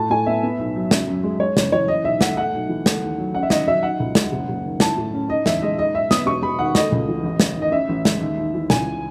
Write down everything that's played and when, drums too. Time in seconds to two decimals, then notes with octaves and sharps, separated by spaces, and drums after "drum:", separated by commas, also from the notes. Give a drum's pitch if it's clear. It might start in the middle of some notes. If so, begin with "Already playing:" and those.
Already playing: A2 A5
0.10 A2 G#5
0.26 B3 E5
0.43 B3
0.59 B1
0.76 F#3
0.91 F#2, drum: snare
1.07 F#2
1.23 G#3
1.40 G#3 C#5
1.57 F#1 C#5, drum: snare
1.72 E3 C#5
1.88 C#4 D#5
2.04 B1 E5
2.21 A3 F#5, drum: snare
2.37 A3 F#5
2.54 B1
2.69 E3
2.86 A3, drum: snare
3.02 D#2
3.18 F#3
3.34 C#4 F#5
3.43 E5
3.50 D#2 D#5, drum: snare
3.67 F#3 E5
3.83 D#4 F#5
4.00 C#2
4.15 G#3, drum: snare
4.32 F#1
4.49 F#1
4.64 D#3
4.80 E4 A5, drum: snare
4.97 A2
5.14 C#4
5.29 D#4 D#5
5.46 E2 E5, drum: snare
5.62 G#3 D#5
5.79 D#4 D#5
5.94 G#2 E5
6.11 B3 D#6, drum: snare
6.26 E1 C#6
6.42 E1 B5
6.59 D#3 F#5
6.75 A3 D#5, drum: snare
6.92 C#2
7.08 E3
7.23 A1
7.40 A1, drum: snare
7.56 D#3
7.62 D#5
7.72 C#4 E5
7.89 A1
8.05 G#3, drum: snare
8.21 D#2
8.38 D#2
8.54 E3
8.70 C#2 G#5, drum: snare